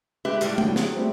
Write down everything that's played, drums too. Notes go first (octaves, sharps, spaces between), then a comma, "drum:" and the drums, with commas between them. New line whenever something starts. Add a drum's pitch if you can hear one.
G#3 G4 B4 E5
A2 G3 A#3, drum: hi-hat
A2 D3 F#3 G5, drum: tom
F#3 G#4, drum: snare
G3 A3 C4